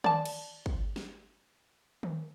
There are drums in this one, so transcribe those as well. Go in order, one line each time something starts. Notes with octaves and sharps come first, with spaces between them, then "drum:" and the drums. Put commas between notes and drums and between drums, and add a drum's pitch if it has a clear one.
D5 A5, drum: tom D#3
drum: cymbal
drum: kick
drum: snare
drum: tom D#3